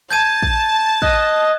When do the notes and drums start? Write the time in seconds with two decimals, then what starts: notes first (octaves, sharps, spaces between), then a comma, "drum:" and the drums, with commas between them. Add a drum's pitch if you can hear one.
0.10 A5 G6 G#6 D#7
0.42 drum: kick
1.02 D#5 F#6, drum: kick